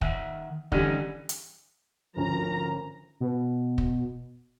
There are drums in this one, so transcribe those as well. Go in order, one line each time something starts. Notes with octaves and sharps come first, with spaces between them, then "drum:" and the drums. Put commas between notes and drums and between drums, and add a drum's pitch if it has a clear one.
D#3 E5 F#5, drum: kick
D3 E3 G3 C#4 D#4, drum: kick
drum: hi-hat
G#1 D2 F3 C#4 A#4 A#5
B2
drum: kick